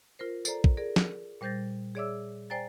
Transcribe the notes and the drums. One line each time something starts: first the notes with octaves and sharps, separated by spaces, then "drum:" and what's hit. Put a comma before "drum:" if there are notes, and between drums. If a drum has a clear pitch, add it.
F4 A#4 C5
A4 C5 D5 A#5, drum: tambourine
drum: kick
G#4 A#4 D5
drum: snare
A#2 G3 C5 G6 A6 A#6
G#4 C#5 D5 E5 D6 E6
C5 D5 G5 G#5 A#5 A6